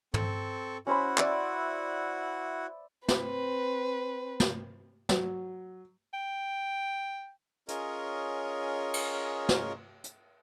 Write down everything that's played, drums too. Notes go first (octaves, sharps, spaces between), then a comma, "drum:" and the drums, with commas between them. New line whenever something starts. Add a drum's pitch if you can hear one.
C4 A4 C#6, drum: tom
C#4 E4 F#4 C5 F#5 B5
D5 E5 D6, drum: clap
C4 B4, drum: snare
drum: snare
F#3, drum: snare
G5
C#4 F4 G#4 A#4 C#5 D#5, drum: hi-hat
drum: cymbal
drum: snare
drum: hi-hat